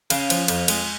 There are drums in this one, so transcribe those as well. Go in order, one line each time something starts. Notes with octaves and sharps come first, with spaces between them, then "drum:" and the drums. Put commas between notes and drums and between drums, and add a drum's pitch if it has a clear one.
C#3 F5, drum: cymbal
F3, drum: cymbal
F2, drum: cymbal
G#3, drum: cymbal